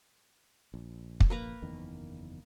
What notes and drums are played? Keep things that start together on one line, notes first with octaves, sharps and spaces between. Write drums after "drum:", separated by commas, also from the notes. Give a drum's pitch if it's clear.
A#1
drum: kick
A#3 B4 A#5
F#1 E2 D#3